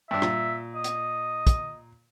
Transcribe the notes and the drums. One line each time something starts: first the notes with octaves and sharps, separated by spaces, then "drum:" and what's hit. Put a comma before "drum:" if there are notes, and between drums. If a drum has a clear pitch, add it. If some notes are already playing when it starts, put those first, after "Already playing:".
G2 D4 E5
A#2, drum: rim click
D#5
drum: hi-hat
drum: kick, hi-hat